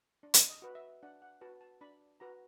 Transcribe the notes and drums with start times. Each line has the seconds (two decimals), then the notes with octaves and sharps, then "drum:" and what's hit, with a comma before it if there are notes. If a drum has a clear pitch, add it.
0.23 D4
0.34 drum: hi-hat
0.49 D#5
0.62 F#4 B4
0.75 E5
1.03 D4 F#5
1.22 F#5
1.41 F#4 B4 A5
1.61 A5
1.81 D4 B5
2.20 F#4 B4 A#5